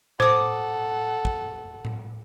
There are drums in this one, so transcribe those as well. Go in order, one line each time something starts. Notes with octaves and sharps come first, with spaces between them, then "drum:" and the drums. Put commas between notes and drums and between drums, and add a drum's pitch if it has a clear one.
A4 C5 F#5 D6 D#6, drum: tom A2
drum: kick
drum: tom A2